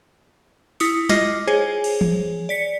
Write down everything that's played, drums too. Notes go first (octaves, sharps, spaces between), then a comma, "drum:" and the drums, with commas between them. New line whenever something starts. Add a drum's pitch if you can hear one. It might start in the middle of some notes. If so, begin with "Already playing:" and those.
E4 D#6 C#7, drum: open hi-hat
F4 D#5 D6 A#6, drum: snare
G#4 C5 C#5 G#5
drum: cymbal
drum: tom E3
D5 B6 C#7